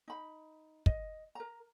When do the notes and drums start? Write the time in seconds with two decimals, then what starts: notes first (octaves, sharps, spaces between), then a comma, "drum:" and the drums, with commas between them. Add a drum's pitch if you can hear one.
0.08 D#4 B5
0.86 D#5, drum: kick
1.35 A#4 A#5